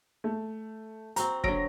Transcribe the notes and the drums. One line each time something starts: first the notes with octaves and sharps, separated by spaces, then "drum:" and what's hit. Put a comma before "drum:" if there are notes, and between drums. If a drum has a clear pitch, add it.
A3
C4 F#4 C5 A#5, drum: hi-hat
D3 F#3 A#6 D7, drum: kick